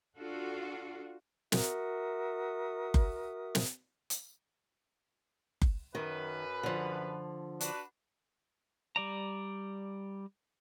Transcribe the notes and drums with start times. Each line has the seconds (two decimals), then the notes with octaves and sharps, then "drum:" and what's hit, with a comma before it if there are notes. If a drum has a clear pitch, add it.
0.17 D4 F4 F#4 A4
1.52 F#4 A#4 E5 D#6, drum: snare
2.94 drum: kick F#1
3.55 drum: snare
4.10 drum: hi-hat
5.62 drum: kick F#1
5.95 F#2 D#3 B4
6.63 D3 F3
7.61 D4 F#4 B4, drum: hi-hat
8.96 G3 D5 A#5